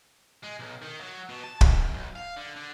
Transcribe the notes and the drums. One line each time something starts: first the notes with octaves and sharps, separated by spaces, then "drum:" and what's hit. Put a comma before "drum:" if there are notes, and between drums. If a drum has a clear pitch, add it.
G#3
B1
D#3
F#3
B2
A5
D#3, drum: kick
F#2
B1
F5
D3
D3